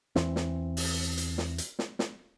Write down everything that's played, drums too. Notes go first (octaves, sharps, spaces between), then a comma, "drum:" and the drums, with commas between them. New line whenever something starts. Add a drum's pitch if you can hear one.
E2 E3 C4, drum: snare
drum: snare
drum: open hi-hat
drum: hi-hat
drum: snare
drum: hi-hat
drum: snare
drum: snare